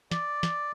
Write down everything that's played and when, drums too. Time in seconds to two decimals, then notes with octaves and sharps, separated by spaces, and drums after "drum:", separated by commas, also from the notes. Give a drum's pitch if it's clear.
0.11 D5, drum: snare
0.43 drum: snare